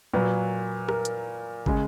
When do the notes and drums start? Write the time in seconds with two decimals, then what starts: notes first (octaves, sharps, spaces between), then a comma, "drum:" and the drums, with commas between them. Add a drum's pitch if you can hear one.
0.14 A#2 F#3 A#3 B4
0.89 A#4, drum: rim click
1.05 drum: hi-hat
1.66 C#3 G#3, drum: kick